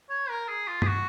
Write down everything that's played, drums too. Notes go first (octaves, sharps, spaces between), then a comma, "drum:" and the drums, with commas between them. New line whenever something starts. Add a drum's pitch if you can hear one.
C#5
A#4
G#4
F4
G#4, drum: tom
F#4